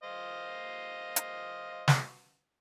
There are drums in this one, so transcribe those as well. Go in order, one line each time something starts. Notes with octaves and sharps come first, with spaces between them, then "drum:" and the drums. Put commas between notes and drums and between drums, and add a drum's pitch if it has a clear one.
C5 D#5 F5
drum: hi-hat
drum: snare